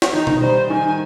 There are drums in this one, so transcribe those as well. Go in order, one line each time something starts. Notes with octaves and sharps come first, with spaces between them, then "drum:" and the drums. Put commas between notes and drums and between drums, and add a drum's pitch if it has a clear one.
drum: snare
D#3 D#4
drum: tom B2
G3 C5
D#3 G#5